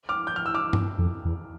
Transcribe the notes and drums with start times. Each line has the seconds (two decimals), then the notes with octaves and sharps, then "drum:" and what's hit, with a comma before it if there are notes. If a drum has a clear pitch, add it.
0.09 D6 F6
0.27 G6
0.36 F6
0.46 E6
0.54 D6 F6
0.73 drum: tom G2
0.99 F2
1.25 E2